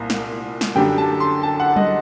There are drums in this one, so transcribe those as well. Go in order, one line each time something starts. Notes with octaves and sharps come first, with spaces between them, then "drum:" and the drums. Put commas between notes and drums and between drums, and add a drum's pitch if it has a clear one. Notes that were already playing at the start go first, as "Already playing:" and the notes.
Already playing: C2 A#2
drum: snare
drum: snare
F#2 D3 G3 D4 G5
A5
C6
A5
F#5
D#5, drum: tom F#3